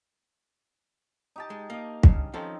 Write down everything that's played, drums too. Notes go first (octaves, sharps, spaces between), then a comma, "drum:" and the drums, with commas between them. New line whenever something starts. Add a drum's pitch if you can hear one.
D#4 G4 A5
G#3
A#3 D#5 F5
G2 C#3, drum: kick
D#3 F3 C4 C#4 A4